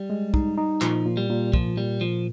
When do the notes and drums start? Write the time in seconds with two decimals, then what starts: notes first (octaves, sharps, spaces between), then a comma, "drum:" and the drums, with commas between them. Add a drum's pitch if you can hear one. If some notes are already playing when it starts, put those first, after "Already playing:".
Already playing: G3
0.10 G#3
0.34 D#4, drum: kick
0.57 D#4
0.81 A#2 F3, drum: clap
1.06 A#2
1.17 G3
1.30 A#2
1.54 A#2 F3, drum: kick
1.77 A#2 G3
2.01 A#2 F3